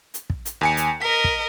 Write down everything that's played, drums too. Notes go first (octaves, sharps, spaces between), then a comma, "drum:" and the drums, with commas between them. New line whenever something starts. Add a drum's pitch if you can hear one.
drum: hi-hat
drum: kick
drum: hi-hat
D#2 G#5 C#7
drum: hi-hat
A#4 D#5 B6
drum: kick